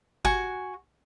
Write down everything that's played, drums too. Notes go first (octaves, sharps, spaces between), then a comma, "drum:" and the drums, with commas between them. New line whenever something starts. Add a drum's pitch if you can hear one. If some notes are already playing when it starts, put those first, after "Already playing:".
F#4 G#5 C#6, drum: kick G1